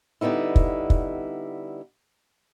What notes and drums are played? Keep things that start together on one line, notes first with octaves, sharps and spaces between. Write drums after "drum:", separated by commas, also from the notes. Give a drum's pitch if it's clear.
D3 G3 B3 D#4 E4
drum: kick
drum: kick